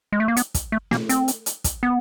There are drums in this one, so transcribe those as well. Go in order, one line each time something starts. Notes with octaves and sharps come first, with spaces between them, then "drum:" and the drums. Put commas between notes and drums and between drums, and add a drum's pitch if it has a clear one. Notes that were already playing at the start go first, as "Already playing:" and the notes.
G#3
A3
A#3
B3, drum: hi-hat
drum: kick, hi-hat
A3
A#3, drum: snare
C4, drum: hi-hat
drum: hi-hat
drum: hi-hat
drum: kick, hi-hat
B3